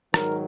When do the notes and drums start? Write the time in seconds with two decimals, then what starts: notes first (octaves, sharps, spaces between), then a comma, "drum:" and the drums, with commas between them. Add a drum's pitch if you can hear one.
0.14 G#2 D#3 F#3 A#4, drum: rim click